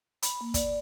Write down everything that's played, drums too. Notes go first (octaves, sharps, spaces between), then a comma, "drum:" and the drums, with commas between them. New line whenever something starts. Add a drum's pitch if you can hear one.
B5, drum: hi-hat
A#3
D5, drum: kick, hi-hat